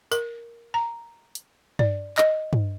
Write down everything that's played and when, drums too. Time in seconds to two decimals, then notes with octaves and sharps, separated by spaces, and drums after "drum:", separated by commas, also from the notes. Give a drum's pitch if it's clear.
0.12 A#4, drum: tambourine
0.74 A#5
1.35 drum: hi-hat
1.79 D5, drum: tom G2
2.18 D#5, drum: clap
2.53 drum: tom G2